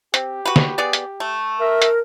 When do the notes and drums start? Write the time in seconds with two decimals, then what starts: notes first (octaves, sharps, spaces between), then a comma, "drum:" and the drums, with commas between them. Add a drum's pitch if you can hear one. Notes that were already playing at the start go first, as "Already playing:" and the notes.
0.14 C4 G4, drum: hi-hat
0.45 F#4 B4
0.56 drum: snare
0.78 B3 G#4 D5
0.93 drum: hi-hat
1.20 A3
1.60 A#4 E5
1.82 drum: hi-hat